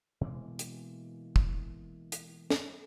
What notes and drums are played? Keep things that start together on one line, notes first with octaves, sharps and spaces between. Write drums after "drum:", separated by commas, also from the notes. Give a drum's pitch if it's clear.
B2 E3 G#3 A#3
drum: hi-hat
drum: kick
drum: hi-hat
drum: snare